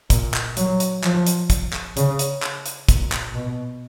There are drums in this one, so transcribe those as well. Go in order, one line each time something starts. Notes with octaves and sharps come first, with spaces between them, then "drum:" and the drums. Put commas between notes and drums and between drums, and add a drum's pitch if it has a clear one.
A#2, drum: kick, hi-hat
drum: clap
F#3, drum: hi-hat
drum: hi-hat
F3, drum: clap
drum: hi-hat
drum: kick, hi-hat
drum: clap
C#3, drum: hi-hat
drum: hi-hat
drum: clap
drum: hi-hat
A#2, drum: kick, hi-hat
drum: clap
B2